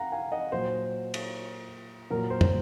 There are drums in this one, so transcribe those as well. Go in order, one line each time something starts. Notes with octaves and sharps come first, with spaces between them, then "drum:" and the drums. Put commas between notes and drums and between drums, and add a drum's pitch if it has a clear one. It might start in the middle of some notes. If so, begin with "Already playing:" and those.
Already playing: F5 F#5 A#5
F5 G#5
D#5 F#5
A#2 F#3 C5
drum: cymbal
A#2 F#3 A#4
C5
drum: tom